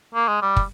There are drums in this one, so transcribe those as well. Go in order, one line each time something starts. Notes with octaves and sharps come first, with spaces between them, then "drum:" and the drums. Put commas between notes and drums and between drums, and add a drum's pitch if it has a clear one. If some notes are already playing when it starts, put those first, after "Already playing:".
A#3
G#3
G3
drum: kick